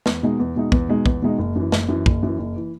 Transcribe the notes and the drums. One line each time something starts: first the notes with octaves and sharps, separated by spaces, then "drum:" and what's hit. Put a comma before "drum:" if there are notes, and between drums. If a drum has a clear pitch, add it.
E2, drum: snare
B2 G#3 D#4
E2
B2 G#3 D#4
E2, drum: kick
B2 G#3 D#4
E2, drum: kick
B2 G#3 D#4
F#1
F#2 E3
F#1, drum: snare
F#2 E3
F#1, drum: kick
F#2 E3
F#1
E3